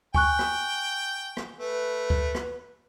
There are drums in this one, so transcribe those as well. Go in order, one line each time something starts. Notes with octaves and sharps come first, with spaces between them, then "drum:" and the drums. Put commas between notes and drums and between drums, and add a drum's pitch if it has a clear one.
G5 G#5 C#6 F#6, drum: kick D2
drum: rim click
drum: rim click
A3 B4
drum: kick D2
drum: rim click